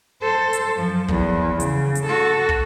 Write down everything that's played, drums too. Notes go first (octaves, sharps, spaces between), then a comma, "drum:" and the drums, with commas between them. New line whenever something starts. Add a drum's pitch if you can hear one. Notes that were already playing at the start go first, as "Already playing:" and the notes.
A4 C5
drum: hi-hat
F#2 F3
E2, drum: kick
C#3, drum: hi-hat
drum: hi-hat
F#4 A4
drum: kick